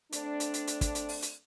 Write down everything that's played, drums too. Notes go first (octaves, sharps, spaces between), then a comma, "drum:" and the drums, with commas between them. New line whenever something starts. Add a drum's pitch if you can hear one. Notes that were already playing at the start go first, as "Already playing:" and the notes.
A3 C4 D4, drum: hi-hat
drum: hi-hat
drum: hi-hat
drum: hi-hat
drum: kick, hi-hat
drum: hi-hat
drum: open hi-hat
drum: hi-hat